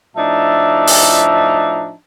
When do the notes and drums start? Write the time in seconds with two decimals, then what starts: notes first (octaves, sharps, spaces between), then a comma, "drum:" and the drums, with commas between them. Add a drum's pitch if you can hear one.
0.16 A2 F3 D4 D#4 E5 A5
0.87 drum: open hi-hat